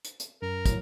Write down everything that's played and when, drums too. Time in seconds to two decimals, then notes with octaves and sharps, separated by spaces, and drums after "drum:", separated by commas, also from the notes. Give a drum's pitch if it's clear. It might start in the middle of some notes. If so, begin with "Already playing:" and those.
0.05 drum: hi-hat
0.20 drum: hi-hat
0.42 F#2 A#4
0.66 A#1 A2 F#3, drum: kick, hi-hat